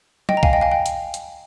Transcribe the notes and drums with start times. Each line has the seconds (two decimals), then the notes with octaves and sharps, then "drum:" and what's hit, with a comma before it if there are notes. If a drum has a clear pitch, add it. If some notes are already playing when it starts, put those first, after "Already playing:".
0.29 D#5 G5, drum: tom F#3
0.37 A#5
0.43 F5 G#5, drum: kick B1
0.53 D#5 G5
0.61 F5 G#5
0.72 G5
0.86 drum: hi-hat
1.14 drum: hi-hat